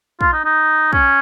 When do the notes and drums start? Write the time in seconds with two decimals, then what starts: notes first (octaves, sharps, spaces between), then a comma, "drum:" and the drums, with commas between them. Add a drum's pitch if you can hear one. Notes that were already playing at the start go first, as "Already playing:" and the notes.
0.21 F4, drum: kick
0.33 D#4
0.45 D#4
0.93 C#4, drum: kick